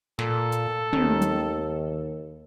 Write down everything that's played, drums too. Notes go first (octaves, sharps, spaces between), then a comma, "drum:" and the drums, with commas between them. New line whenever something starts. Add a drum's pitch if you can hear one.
A#2 A4, drum: snare
drum: hi-hat
D#2 D#3, drum: tom
drum: hi-hat